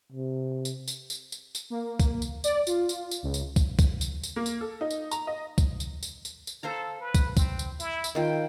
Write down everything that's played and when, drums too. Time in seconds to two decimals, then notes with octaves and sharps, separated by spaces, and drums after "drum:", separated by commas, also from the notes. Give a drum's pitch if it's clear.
0.12 C3
0.65 drum: tambourine
0.88 drum: tambourine
1.10 drum: tambourine
1.32 drum: tambourine
1.55 drum: tambourine
1.70 A#3
2.00 drum: kick, tambourine
2.22 drum: tambourine
2.44 D5, drum: tambourine
2.67 F4, drum: tambourine
2.89 drum: tambourine
3.11 drum: tambourine
3.23 C#2
3.34 drum: tambourine
3.56 drum: kick, tambourine
3.79 drum: kick, tambourine
4.01 drum: tambourine
4.23 drum: tambourine
4.36 A#3
4.46 drum: tambourine
4.61 A4
4.81 D#4
4.91 drum: tambourine
5.11 A#5, drum: tambourine
5.27 D#5
5.58 drum: kick, tambourine
5.80 drum: tambourine
6.03 drum: tambourine
6.25 drum: tambourine
6.47 drum: tambourine
6.63 A4 C5 F5 A#5
7.00 B4
7.15 drum: kick, tambourine
7.37 C4, drum: kick, tambourine
7.59 drum: tambourine
7.80 E4, drum: tambourine
8.04 drum: tambourine
8.15 D#3 F4 G5